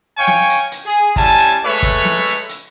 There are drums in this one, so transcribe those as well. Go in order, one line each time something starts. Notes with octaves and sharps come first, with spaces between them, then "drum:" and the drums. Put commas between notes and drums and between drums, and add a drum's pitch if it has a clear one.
C#5 F5 G5 G#5 C#6
drum: snare
drum: hi-hat
drum: hi-hat
G#4
G3 C#4 E4 G#5 A5, drum: kick, open hi-hat
drum: hi-hat
G#3 A3 A4 B4 C#5 E5
drum: kick, hi-hat
drum: snare
drum: hi-hat
drum: hi-hat